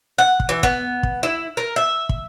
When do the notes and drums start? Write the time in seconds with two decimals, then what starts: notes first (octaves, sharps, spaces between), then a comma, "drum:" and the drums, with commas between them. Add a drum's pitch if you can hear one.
0.18 F#5
0.40 drum: kick
0.49 E3
0.63 B3, drum: kick
1.03 drum: kick
1.23 E4
1.57 A#4
1.76 E5
2.09 drum: kick